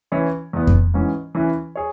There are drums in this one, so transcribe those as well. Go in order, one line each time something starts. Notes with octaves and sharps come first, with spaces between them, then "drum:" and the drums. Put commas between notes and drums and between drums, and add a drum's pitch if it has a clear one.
E3 C#4 E4 C#5
E2 E3 B3
drum: kick F2
G#2 E3 C#4
E3 C#4 E4 B4
G#4 C#5